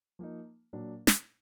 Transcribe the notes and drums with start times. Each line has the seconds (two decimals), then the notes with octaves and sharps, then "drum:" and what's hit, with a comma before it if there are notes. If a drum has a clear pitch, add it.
0.19 F3 A#3 D#4
0.73 A#2 F#3 A#3 D4
1.07 drum: snare